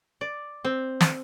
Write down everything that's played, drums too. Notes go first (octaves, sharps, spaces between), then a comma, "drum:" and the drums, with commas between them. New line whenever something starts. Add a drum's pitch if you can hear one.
D5
C4
drum: snare